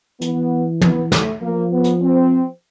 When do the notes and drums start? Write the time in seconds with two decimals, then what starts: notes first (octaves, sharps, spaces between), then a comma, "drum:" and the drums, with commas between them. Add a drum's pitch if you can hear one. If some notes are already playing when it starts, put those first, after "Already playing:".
0.21 E3 B3, drum: hi-hat
0.81 B3, drum: tom
1.12 A3, drum: snare
1.42 F3 A#3
1.72 B3
1.84 drum: hi-hat
2.02 C4